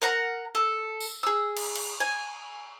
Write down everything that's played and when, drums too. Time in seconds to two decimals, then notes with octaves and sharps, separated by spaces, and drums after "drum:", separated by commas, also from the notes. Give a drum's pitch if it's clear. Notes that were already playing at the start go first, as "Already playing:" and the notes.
0.02 A#4 F#5 A#5
0.55 A4
1.00 drum: tambourine
1.23 G#4 E6
1.56 drum: cymbal
1.75 drum: cymbal
2.00 G#5